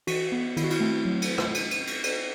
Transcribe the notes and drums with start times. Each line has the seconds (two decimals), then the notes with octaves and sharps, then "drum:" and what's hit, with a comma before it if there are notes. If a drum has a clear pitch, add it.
0.07 E3 F#4, drum: cymbal
0.32 B3
0.57 D#3 E4, drum: cymbal
0.64 F#4
0.70 E4, drum: cymbal
0.80 A3 C4
1.05 F#3
1.22 drum: cymbal
1.38 drum: rim click
1.54 drum: cymbal
1.71 drum: cymbal
1.87 drum: cymbal
2.03 drum: cymbal